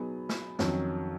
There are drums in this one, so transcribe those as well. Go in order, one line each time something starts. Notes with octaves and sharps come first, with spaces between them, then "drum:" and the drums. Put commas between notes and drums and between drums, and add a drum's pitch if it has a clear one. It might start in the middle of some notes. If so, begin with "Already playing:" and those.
Already playing: B2 F#3 B3 D#4 G#4
drum: snare
F2 D#3 F#3 C#4, drum: snare